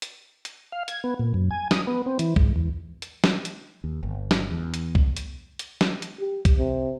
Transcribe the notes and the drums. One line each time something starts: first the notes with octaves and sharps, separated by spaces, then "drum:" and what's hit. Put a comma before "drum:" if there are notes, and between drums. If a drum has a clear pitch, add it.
drum: hi-hat
drum: hi-hat
F5
G#6, drum: hi-hat
B3
A#2
F#2
G#5
D#6, drum: snare
B3
C4
E3, drum: hi-hat
G#2, drum: kick
E2
drum: hi-hat
drum: snare
drum: hi-hat
D#2
G1
drum: snare
E2
drum: hi-hat
drum: kick
drum: hi-hat
drum: hi-hat
drum: snare
drum: hi-hat
G4
drum: kick, hi-hat
C3